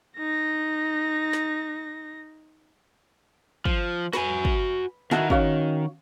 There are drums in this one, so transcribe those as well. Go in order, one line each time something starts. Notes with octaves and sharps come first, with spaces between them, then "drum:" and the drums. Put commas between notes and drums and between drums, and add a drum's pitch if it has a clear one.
D#4 A#6
drum: snare
F3, drum: kick
F#4 B4 G#5, drum: snare
drum: kick
D#3 E4 F#4 A5, drum: snare
C#4 F#4 F5, drum: kick